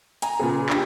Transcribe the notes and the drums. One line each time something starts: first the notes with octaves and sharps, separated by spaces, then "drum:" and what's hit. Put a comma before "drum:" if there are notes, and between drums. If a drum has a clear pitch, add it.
G#5 A#5, drum: hi-hat
A#2 C#3 B3 G#4
D4 G4, drum: clap